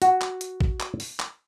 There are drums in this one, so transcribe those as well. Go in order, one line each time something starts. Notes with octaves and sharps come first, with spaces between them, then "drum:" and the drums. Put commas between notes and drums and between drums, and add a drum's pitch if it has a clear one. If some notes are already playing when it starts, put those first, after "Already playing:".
F#4, drum: hi-hat
drum: clap
drum: hi-hat
drum: kick A#1
drum: clap
drum: open hi-hat
drum: clap